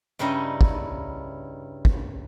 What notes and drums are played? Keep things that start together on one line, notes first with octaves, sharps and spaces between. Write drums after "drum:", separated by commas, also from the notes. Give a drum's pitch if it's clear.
G2 C#3 G3 D#4 E4 D#5
drum: kick
drum: kick